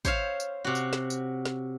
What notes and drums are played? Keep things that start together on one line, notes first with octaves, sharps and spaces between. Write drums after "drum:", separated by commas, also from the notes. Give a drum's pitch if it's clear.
C5 C#5 E5 F5, drum: kick, tambourine
drum: tambourine
C3 F#4
drum: tambourine
drum: snare
drum: tambourine
drum: snare